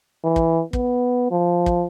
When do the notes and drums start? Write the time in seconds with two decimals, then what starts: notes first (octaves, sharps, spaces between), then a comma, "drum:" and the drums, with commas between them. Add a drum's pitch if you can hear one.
0.24 E3
0.36 drum: kick
0.73 B3, drum: kick
1.31 F3
1.66 drum: kick